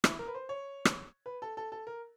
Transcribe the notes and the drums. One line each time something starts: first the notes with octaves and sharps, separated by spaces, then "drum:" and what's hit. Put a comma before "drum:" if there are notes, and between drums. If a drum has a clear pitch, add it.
E4, drum: rim click
A#4
B4
C5
C#5
drum: rim click
B4
A4
A4
A4
A#4